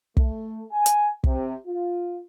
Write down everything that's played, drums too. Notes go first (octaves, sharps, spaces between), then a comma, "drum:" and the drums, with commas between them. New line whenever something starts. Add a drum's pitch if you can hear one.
A3, drum: kick
G#5
drum: hi-hat
C3, drum: kick
F4